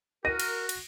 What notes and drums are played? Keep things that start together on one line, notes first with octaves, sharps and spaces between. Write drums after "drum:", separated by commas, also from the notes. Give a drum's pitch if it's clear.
F#4 A#4 A#6 D#7
drum: cymbal
drum: cymbal